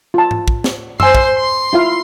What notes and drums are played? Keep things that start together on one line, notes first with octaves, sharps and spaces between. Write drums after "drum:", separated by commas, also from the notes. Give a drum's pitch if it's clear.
F4 A5
drum: tom G#2
drum: kick
drum: snare
C5 G#5 C6 E6, drum: tom F#2
drum: kick
C6
E4 F4 F5